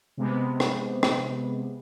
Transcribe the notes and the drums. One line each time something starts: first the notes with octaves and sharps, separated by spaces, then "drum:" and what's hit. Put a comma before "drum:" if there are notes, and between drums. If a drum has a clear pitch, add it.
C3 G#3 B3
drum: rim click
drum: rim click